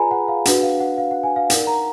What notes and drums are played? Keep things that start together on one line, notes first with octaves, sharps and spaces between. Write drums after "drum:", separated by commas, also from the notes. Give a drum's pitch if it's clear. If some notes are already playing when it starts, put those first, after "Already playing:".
Already playing: F4 G#4 B4 D5 G#5 A#5 B5
F#5
F5
D4 F#4 B4 F#5, drum: hi-hat
F5
F#5
F5
F#5
G#5
F5
D#4 A#4 D5 F#5, drum: hi-hat
A#5